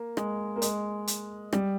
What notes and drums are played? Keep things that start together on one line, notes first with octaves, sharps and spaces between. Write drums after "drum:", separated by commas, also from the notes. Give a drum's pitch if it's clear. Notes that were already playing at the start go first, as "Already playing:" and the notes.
Already playing: A#3
G#3, drum: rim click
A#3
G#3, drum: hi-hat
drum: hi-hat
G3, drum: rim click